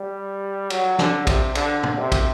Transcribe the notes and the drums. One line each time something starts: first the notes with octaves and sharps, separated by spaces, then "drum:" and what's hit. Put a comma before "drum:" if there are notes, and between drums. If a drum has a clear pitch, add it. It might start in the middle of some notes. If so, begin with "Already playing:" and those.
Already playing: G3
F#3, drum: cymbal
D3, drum: snare
C3, drum: kick, cymbal
D3, drum: cymbal
drum: tom
C3
drum: kick, cymbal